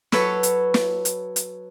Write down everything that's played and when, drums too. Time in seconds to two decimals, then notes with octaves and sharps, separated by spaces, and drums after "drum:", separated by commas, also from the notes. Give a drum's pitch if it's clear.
0.12 F#3 A4 B4 C#5, drum: snare
0.43 drum: hi-hat
0.74 drum: snare
1.05 drum: hi-hat
1.36 drum: hi-hat